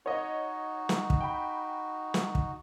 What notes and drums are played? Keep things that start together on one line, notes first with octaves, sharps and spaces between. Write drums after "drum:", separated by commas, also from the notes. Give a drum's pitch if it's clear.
D#4 F#4 C#5 D#5
drum: snare
drum: kick
G5 B5
drum: snare
drum: kick